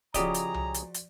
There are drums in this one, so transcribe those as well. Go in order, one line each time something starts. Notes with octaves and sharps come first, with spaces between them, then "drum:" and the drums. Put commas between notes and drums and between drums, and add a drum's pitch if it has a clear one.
C#3 F3 F#4 G4 D5 D#5 G#5 A#5, drum: kick D1, hi-hat
drum: hi-hat
drum: tom C2
drum: hi-hat
drum: hi-hat